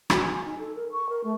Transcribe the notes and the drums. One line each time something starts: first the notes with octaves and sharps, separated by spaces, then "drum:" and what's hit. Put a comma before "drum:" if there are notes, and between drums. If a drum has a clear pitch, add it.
F#4, drum: rim click
G#5
D#4
A4
A#4
C#6
A#4
A3